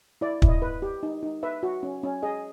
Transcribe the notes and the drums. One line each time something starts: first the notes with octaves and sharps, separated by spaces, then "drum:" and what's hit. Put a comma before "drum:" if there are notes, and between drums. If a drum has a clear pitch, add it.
E4 D5
E4, drum: kick
D#5
B4
G4
D#4
D#4
B4 E5
F#4
C#4
C#4
G#4 D#5